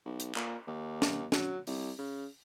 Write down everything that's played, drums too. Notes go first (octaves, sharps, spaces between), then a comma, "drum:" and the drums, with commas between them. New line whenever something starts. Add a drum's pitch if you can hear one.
B1
drum: hi-hat
A#2, drum: clap
D#2
drum: snare
F#3, drum: snare
C2, drum: open hi-hat
C#3